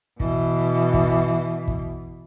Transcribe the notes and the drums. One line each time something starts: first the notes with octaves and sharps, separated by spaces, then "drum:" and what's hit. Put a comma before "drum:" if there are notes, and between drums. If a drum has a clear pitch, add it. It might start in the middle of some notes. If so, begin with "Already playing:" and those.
B2 E3, drum: kick
drum: kick
drum: kick